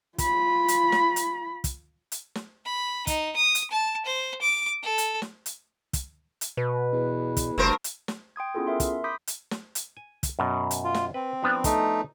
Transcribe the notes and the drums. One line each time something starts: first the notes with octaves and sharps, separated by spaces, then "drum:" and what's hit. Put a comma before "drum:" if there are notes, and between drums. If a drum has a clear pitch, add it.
F4 B5, drum: kick, hi-hat
drum: hi-hat
drum: snare
drum: hi-hat
drum: kick, hi-hat
drum: hi-hat
drum: snare
B5
D#4, drum: kick, hi-hat
D#6
drum: hi-hat
A5
C5
D6
A4
drum: hi-hat
drum: snare
drum: hi-hat
drum: kick, hi-hat
drum: hi-hat
B2 B4
E2
drum: kick, hi-hat
F#1 D2 G2 A#4 C5
drum: hi-hat
drum: snare
G5 C6 D#6 G#6
B3 C#4 E4 F4 G#4 A4
A#4 E5 C6
drum: kick, hi-hat
B5 C6 D6 D#6 G6 B6
drum: hi-hat
drum: snare
drum: hi-hat
G#5
drum: kick, hi-hat
F#2 B2
drum: hi-hat
F4
drum: snare
C4 B4
F3 B3 D4
A3 D#4, drum: kick, hi-hat